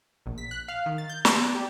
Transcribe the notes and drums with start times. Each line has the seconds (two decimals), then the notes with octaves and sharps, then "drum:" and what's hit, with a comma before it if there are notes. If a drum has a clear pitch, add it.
0.26 A#1
0.38 B6
0.51 F#6
0.68 F5
0.86 D#3
0.98 A6
1.09 G6
1.25 B3, drum: snare
1.42 D5
1.55 G4